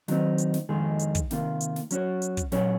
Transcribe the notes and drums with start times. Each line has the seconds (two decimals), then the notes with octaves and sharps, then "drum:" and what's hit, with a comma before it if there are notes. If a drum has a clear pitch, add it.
0.08 D#3 F#3 C4 D#4, drum: snare
0.38 drum: hi-hat
0.54 drum: snare
0.69 F2 D#3 G#3 D#4 G#4
1.00 drum: hi-hat
1.15 drum: kick, hi-hat
1.31 C3 D#3 A#3 F4, drum: snare
1.61 drum: hi-hat
1.76 drum: snare
1.91 F#3 C#4 F#4 C#5, drum: hi-hat
2.22 drum: hi-hat
2.37 drum: kick, hi-hat
2.52 A#2 F#3 C#4 G#4 C#5, drum: snare